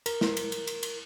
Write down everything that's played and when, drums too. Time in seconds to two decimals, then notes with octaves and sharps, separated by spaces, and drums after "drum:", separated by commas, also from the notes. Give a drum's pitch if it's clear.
0.06 A#4, drum: cymbal
0.21 drum: snare
0.37 drum: cymbal
0.52 drum: cymbal
0.67 drum: cymbal
0.83 drum: cymbal